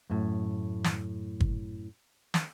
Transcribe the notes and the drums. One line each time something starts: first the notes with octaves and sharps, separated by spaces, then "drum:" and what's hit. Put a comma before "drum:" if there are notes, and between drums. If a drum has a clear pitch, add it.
F#2 A2
drum: snare
drum: kick G1
drum: snare